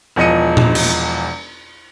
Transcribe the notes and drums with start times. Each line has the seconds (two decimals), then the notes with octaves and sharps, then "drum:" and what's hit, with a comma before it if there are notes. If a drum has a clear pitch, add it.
0.16 E1 E2 F3 D#5 C#7 D#7
0.57 drum: tom A#2
0.75 drum: cymbal